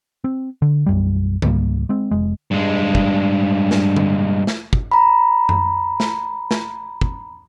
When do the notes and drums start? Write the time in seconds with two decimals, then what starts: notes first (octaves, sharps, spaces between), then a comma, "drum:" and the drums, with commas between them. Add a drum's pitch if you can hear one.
0.24 C4
0.62 D3
0.86 B1 F#2 G3
1.42 C#2 G#2 G3 A#3, drum: tom D3
1.89 G#3 C4
2.11 F1 G#3
2.51 G2 G#3
2.95 drum: kick
3.71 drum: snare
3.96 drum: tom D3
4.47 drum: snare
4.73 drum: kick
4.92 A#5 B5
5.49 drum: tom F#2
6.00 drum: snare
6.51 drum: snare
7.01 drum: kick